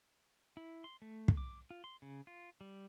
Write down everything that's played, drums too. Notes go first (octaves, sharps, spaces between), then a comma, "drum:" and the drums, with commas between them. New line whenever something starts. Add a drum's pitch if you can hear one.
E4
C6
A3
drum: kick
D6
F4
C6
C#3
F4
G3